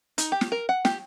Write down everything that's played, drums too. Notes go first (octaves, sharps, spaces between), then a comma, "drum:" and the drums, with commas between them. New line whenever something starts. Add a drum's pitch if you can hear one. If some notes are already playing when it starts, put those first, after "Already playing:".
D#4, drum: hi-hat
G4
drum: snare
A#4
F#5
G4, drum: snare